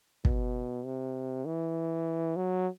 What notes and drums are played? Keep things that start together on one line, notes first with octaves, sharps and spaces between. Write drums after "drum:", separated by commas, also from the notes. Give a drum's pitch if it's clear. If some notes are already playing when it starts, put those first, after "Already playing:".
B2, drum: kick
C3
E3
F#3